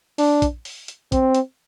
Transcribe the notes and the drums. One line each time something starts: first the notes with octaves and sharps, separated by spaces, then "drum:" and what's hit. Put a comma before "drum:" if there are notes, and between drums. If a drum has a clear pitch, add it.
D4, drum: open hi-hat
drum: kick A#1, hi-hat
drum: open hi-hat
drum: hi-hat
C4, drum: kick A#1, hi-hat
drum: hi-hat